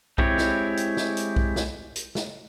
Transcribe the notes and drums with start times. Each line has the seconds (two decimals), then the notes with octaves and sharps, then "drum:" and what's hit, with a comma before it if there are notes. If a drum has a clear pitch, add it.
0.18 G#3 C4 E4 G4 C#5, drum: kick B1
0.38 drum: snare
0.77 drum: hi-hat
0.97 drum: snare
1.17 drum: hi-hat
1.36 drum: kick B1
1.56 drum: snare
1.96 drum: hi-hat
2.15 drum: snare